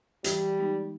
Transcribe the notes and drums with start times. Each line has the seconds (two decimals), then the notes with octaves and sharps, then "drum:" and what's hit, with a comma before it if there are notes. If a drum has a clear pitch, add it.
0.24 E3 G3, drum: hi-hat
0.58 G#3 B3 D#4